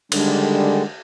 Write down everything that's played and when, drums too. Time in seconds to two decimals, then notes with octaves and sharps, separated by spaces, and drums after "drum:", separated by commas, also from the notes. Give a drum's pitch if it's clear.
0.12 D3 D#3 G3 G#3 D4, drum: cymbal